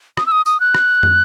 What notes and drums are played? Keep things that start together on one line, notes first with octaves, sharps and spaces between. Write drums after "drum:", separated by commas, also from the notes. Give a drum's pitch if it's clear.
D#6, drum: rim click
E6
D#6
D#6, drum: tambourine
F#6
drum: rim click
drum: tom